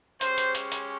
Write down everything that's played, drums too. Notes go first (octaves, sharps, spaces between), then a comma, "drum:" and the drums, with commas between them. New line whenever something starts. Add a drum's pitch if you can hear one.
G#3 C#4 G4 C5, drum: hi-hat
drum: hi-hat
drum: hi-hat
drum: hi-hat